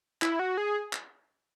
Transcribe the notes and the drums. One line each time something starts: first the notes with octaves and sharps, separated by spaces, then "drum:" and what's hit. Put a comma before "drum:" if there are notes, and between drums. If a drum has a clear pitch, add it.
E4, drum: clap
F#4
G#4
drum: clap